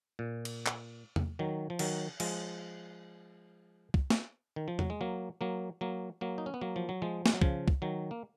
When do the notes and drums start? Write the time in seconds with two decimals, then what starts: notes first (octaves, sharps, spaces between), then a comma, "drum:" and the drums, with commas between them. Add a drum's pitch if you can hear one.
0.19 A#2
0.45 drum: cymbal
0.66 drum: clap
1.16 drum: tom E2
1.39 D#3 F#3
1.70 F3
1.79 D#3 F#3, drum: cymbal
2.20 F3 G#3, drum: cymbal
3.94 drum: kick
4.10 drum: snare
4.56 D#3
4.68 F3
4.79 F#3, drum: tom E2
4.90 G#3
5.01 F#3 A#3
5.41 F#3 A#3
5.81 F#3 A#3
6.21 F#3 A#3
6.38 D#4
6.46 C#4
6.54 B3
6.61 F#3 A#3
6.76 F3
6.89 F#3
7.02 F3 G#3
7.26 G#3, drum: snare
7.34 F#3
7.42 C#3 F3, drum: kick
7.68 drum: kick
7.82 D#3 F#3
8.11 A#3